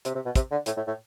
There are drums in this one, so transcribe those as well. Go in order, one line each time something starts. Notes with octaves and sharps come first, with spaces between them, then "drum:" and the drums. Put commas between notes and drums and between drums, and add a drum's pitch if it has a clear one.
C3, drum: hi-hat
C3
B2
C3, drum: kick, hi-hat
D3
A2, drum: hi-hat
A2
A2